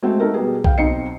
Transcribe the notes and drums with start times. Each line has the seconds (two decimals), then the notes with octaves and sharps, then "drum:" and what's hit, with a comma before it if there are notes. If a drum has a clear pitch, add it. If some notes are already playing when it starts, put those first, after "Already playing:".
0.03 G#3 A3 C4 F#4
0.20 A3 D#4 A4 A#4
0.34 B2 G3 B3 G#4
0.64 F5 G5, drum: kick B1
0.78 B1 C4 D#4 D#5 C7 C#7